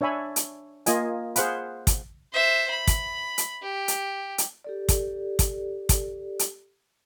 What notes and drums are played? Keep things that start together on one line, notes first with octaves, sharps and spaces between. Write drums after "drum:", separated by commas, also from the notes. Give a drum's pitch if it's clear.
D4 C#5 E5 G#5 B5
drum: hi-hat
A#3 F4 D#5 G#5, drum: hi-hat
G#4 C5 F5 F#5 B5, drum: hi-hat
drum: kick, hi-hat
C5 E5
B5
drum: kick, hi-hat
drum: hi-hat
G4
drum: hi-hat
drum: hi-hat
G4 A4 D5
drum: kick, hi-hat
drum: kick, hi-hat
drum: kick, hi-hat
drum: hi-hat